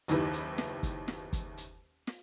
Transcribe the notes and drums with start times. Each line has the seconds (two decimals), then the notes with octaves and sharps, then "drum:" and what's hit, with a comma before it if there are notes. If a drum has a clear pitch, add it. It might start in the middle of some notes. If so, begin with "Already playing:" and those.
0.08 F#1 D#2 D#3 E4 G4 B4, drum: hi-hat
0.33 drum: hi-hat
0.58 drum: snare
0.83 drum: kick, hi-hat
1.08 drum: snare
1.33 drum: kick, hi-hat
1.58 drum: hi-hat
2.07 drum: snare